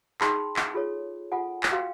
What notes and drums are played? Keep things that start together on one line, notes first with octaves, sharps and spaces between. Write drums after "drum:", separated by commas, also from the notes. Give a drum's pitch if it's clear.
D#4 G#4 G5 A5 B5 C6, drum: clap
drum: clap
F4 G#4 A4 C#5
F4 A4 F#5 G#5
drum: clap
F#4 F5 G5